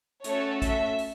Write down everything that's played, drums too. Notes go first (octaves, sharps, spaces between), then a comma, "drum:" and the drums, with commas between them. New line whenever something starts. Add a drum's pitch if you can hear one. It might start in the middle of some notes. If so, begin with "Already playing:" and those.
A3 C#4 F#4 A4 C#5, drum: hi-hat
E5, drum: kick A1, hi-hat
drum: open hi-hat